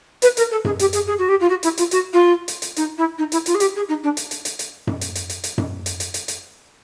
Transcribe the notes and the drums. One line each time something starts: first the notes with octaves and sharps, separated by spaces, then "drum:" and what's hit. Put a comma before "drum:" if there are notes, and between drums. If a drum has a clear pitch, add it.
B4, drum: hi-hat
A#4, drum: hi-hat
A4
G#4, drum: tom F#2
G4, drum: hi-hat
G#4, drum: hi-hat
G#4
F#4
G4
F4
F#4
E4, drum: hi-hat
F4, drum: hi-hat
F#4, drum: hi-hat
F4
drum: hi-hat
drum: hi-hat
D#4, drum: hi-hat
E4
D#4
E4, drum: hi-hat
F4, drum: hi-hat
G#4
G4, drum: hi-hat
G#4
D#4
D4
drum: hi-hat
drum: hi-hat
drum: hi-hat
drum: hi-hat
drum: tom F#2
drum: hi-hat
drum: hi-hat
drum: hi-hat
drum: hi-hat
drum: tom F#2
drum: hi-hat
drum: hi-hat
drum: hi-hat
drum: hi-hat